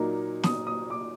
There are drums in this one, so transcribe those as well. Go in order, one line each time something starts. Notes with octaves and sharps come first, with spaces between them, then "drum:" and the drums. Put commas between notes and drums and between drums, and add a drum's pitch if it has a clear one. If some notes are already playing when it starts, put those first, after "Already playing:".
Already playing: A#2 F#3 A#3 D#4
D#6, drum: snare
D#6
D6